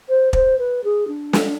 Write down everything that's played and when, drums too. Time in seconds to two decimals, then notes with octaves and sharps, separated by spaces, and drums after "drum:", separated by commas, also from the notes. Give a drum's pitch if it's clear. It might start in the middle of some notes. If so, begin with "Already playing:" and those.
0.09 C5
0.33 C5, drum: kick
0.58 B4
0.84 G#4
1.08 D4
1.33 drum: snare